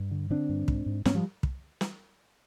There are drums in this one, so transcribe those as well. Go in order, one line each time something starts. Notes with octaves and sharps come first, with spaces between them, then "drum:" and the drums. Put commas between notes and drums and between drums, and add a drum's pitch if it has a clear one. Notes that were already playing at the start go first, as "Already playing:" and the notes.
Already playing: G2
D3
D3 C4 D4
G2
G#2, drum: kick
G#2
G#2 B3 C#4, drum: snare
F3 G3
drum: kick
drum: snare